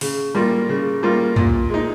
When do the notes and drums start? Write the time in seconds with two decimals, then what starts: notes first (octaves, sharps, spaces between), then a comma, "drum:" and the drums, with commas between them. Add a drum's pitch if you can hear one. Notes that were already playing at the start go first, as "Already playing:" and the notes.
0.01 C#3, drum: open hi-hat
0.35 G3 A#3 F4
0.69 C#3
1.03 G3 A#3 F4
1.36 A#2, drum: tom
1.69 G#3 D#4